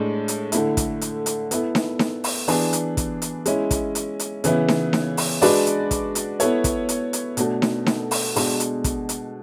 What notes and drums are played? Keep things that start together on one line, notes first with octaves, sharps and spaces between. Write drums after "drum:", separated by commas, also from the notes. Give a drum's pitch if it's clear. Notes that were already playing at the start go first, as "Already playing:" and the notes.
Already playing: A2 G#3 D4
drum: hi-hat
D3 A3 E4, drum: hi-hat
drum: kick, hi-hat
drum: hi-hat
drum: hi-hat
B3 E4 A4, drum: hi-hat
drum: snare D#4
drum: snare D#4
drum: open hi-hat
E3 B3 D4 G#4, drum: open hi-hat
drum: hi-hat
drum: kick, hi-hat
drum: hi-hat
G#3 C#4 E4, drum: hi-hat
drum: kick, hi-hat
drum: hi-hat
drum: hi-hat
C#3 E3 B3 E4, drum: hi-hat
drum: snare D#4
drum: snare D#4
drum: open hi-hat
G#3 D4 F#4 B4 D5, drum: open hi-hat
drum: hi-hat
drum: kick, hi-hat
drum: hi-hat
B3 E4 A4 C#5, drum: hi-hat
drum: kick, hi-hat
drum: hi-hat
drum: hi-hat
B2 A3 D4, drum: hi-hat
drum: snare D#4
drum: snare D#4
drum: open hi-hat
B2 G#3 D4, drum: open hi-hat
drum: hi-hat
drum: kick, hi-hat
drum: hi-hat